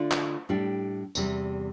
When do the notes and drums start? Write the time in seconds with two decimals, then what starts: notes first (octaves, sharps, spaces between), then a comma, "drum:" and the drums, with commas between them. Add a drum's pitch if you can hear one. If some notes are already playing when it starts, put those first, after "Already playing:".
Already playing: D3 A3 D4 F4
0.11 drum: clap
0.49 A2 G3 D4 G4
1.15 E2 C3 G3, drum: tambourine